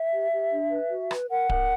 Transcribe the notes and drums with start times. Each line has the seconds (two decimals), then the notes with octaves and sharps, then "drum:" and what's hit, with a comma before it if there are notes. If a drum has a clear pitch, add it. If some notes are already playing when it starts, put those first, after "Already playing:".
Already playing: E5
0.11 G4
0.30 G4
0.51 D4
0.70 B4
0.90 F#4
1.11 B4, drum: rim click
1.30 A#4 F#5
1.50 A#4, drum: kick D1